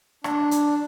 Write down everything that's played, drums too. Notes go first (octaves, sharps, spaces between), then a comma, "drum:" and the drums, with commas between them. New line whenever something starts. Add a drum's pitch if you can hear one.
D4, drum: rim click
drum: hi-hat